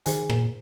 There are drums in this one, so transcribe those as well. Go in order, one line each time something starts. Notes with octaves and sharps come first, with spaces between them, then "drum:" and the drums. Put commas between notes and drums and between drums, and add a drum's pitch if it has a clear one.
D#3 G#4 C5 G#5, drum: hi-hat
A#2, drum: rim click